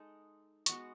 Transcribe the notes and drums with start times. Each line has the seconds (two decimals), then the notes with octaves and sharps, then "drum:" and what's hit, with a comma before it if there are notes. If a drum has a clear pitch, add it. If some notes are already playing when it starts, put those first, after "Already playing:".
Already playing: G#3 D#4 A4
0.66 G#3 B3 F#4 C#6, drum: hi-hat